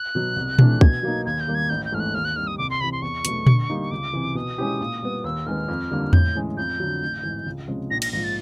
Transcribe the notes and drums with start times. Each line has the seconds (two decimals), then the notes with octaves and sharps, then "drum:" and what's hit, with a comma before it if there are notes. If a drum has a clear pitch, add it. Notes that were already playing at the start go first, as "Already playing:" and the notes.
Already playing: F#6
0.15 B2 F#3
0.36 C2
0.59 C3 E3 A3 D4, drum: tom A#2
0.81 B2 G#6, drum: kick
1.03 F#3 A#3 D#4
1.26 D#2 G#6
1.40 G6
1.47 D#3 G3 A#3
1.55 G#6
1.69 A1 G6
1.85 G6
1.92 G#2 E3 A3 F6
2.00 F#6
2.14 D#2 F6
2.25 F#6
2.36 D#3 G3 F6
2.47 D#6
2.58 C2 D6
2.70 C6
2.81 C3 E3 B5
2.92 C6
3.02 E2 C#6
3.25 B2 F#3 A3, drum: hi-hat
3.47 D3, drum: tom A#2
3.70 G3 A#3 D#4
3.91 C#2 D6
4.13 C3 E3
4.35 B2 D#6
4.58 G#3 C#4 E4 G4
4.81 A#2
5.03 G3 B3
5.24 D#2 E6
5.46 D#3 G#3 B3 F6
5.68 F2
5.91 D3 G3 A#3
6.13 A2 G6, drum: tom E2
6.35 E3 G#3 C#4
6.57 F2 G6
6.80 D3 F#3
7.02 A1
7.23 G#2 E3
7.46 C#2
7.68 C3 F3 G#3 C#4
7.91 A#1 A#6
8.02 A#6, drum: cymbal
8.13 G#2 F3 A#6
8.24 A6